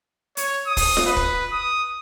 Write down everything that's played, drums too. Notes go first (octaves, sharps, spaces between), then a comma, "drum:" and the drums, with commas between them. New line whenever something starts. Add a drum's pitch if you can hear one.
C#5, drum: hi-hat
D#6
drum: kick, open hi-hat
drum: snare F4
B4
drum: kick
D#6